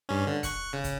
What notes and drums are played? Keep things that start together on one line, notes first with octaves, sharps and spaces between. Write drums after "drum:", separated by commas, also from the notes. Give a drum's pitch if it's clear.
G2 C#4
D3
C#6 F#6 C#7, drum: kick, hi-hat
C#3
drum: kick, hi-hat